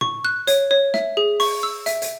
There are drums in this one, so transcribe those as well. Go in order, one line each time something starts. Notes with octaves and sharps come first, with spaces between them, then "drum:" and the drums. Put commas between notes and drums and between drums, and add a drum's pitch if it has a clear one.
C#6, drum: tom
F#6
C#5, drum: hi-hat
C#5
E5, drum: snare
G#4
C#6, drum: open hi-hat
E6
E5, drum: hi-hat
drum: hi-hat